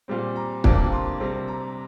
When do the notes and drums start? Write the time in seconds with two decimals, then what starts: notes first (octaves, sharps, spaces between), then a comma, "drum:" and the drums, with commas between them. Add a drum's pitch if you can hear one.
0.08 A#2 G3 C4
0.36 A#5
0.64 F2 C3 G3 A#3 D4, drum: kick
0.92 C6
1.20 C3 G3 C4
1.48 A#5